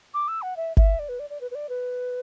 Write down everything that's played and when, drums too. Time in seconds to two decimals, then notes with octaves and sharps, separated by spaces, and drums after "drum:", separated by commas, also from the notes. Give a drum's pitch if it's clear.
0.14 D6
0.28 E6
0.42 F#5
0.56 E5
0.77 E5, drum: kick G1
0.99 D5
1.09 B4
1.19 D5
1.30 D5
1.41 B4
1.51 B4
1.55 D5
1.69 B4